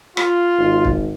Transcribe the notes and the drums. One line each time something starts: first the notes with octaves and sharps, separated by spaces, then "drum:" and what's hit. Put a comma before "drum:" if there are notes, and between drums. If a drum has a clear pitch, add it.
F4, drum: rim click
G#1
drum: kick